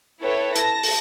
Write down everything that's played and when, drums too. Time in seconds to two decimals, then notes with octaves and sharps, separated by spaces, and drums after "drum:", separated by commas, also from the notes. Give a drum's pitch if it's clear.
0.22 E4 A4 B4 C#5 G5
0.56 A5 A#6, drum: hi-hat
0.83 drum: open hi-hat